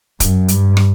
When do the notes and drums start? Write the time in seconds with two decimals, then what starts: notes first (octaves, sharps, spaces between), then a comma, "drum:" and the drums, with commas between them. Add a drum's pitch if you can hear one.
0.20 F#2, drum: kick, hi-hat
0.48 G2, drum: hi-hat
0.77 drum: rim click